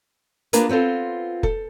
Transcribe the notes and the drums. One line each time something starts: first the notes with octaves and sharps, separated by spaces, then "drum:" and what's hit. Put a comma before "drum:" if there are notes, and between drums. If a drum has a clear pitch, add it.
A#3 D4 F4 G#4 A#4 B4, drum: hi-hat
B3 C4 F4 A4
A4, drum: kick F1